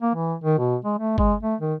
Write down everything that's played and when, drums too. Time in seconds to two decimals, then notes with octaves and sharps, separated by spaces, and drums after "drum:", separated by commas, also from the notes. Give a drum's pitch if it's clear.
0.02 A#3
0.15 E3
0.43 D#3
0.58 B2
0.84 G#3
0.98 A3
1.18 G#3, drum: kick
1.43 A3
1.61 D#3